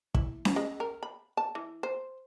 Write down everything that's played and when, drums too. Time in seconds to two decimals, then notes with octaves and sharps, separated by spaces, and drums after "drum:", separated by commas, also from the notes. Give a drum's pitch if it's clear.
0.14 E4, drum: kick
0.45 drum: snare C#4
0.56 G#3
0.80 A#4
1.03 B5
1.37 A5
1.55 E3
1.83 C5